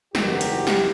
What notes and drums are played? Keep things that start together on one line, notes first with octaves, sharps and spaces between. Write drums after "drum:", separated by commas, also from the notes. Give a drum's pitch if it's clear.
F#1 E2 D#3 F#4 G4, drum: snare
drum: hi-hat
drum: snare